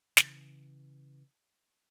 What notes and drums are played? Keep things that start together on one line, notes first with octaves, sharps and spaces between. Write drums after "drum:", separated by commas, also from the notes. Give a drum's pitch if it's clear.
C#3 E3, drum: snare